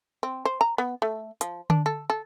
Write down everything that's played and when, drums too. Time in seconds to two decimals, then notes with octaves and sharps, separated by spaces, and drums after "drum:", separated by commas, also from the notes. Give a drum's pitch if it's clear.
0.23 C4
0.45 C5
0.61 A#5
0.78 B3
1.02 A3
1.41 F3, drum: hi-hat
1.70 D4, drum: tom D3
1.86 A4
2.10 A4